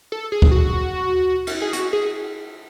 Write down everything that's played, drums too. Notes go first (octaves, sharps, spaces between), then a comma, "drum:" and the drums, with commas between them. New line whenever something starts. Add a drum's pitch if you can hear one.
A4
G#4
drum: kick D2
F#4
drum: cymbal
G#4
F#4, drum: hi-hat
G#4